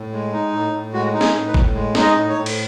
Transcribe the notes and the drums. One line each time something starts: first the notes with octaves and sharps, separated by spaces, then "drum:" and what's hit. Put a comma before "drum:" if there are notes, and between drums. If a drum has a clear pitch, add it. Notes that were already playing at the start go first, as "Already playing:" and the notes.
Already playing: A2
G#3
D#4
A2
A2
G#3 F#4
D#4
G#4, drum: snare
A2
B4
A2, drum: kick G1
G#3
D#4, drum: snare
D#5
A2
C#5
A2
drum: cymbal